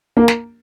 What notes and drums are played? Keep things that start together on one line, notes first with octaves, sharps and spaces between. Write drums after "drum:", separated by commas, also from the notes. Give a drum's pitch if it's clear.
A#3
drum: snare